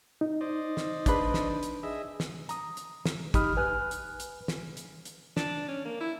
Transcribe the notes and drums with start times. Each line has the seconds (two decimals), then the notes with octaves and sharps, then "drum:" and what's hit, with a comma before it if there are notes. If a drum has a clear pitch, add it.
0.21 D#4
0.41 C5 D5 D#5
0.77 drum: snare
1.06 D4 B4, drum: kick, hi-hat
1.34 drum: snare
1.63 drum: hi-hat
1.83 G#4 D#5 E5
2.20 drum: snare
2.49 A#5 D#6, drum: hi-hat
2.77 drum: hi-hat
3.05 drum: snare
3.34 E2 D#4 G4 B5 D#6 F6, drum: kick, hi-hat
3.57 B4 G#5 F6 F#6
3.91 drum: hi-hat
4.20 drum: hi-hat
4.48 drum: snare
4.77 drum: hi-hat
5.05 drum: hi-hat
5.37 D4, drum: snare
5.68 C#4
5.85 A#3
6.00 E4